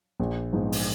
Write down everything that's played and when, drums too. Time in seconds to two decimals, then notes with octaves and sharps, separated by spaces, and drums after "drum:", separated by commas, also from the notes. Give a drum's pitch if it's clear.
0.20 A#1
0.53 G#2 F3 B3 D#4
0.72 drum: open hi-hat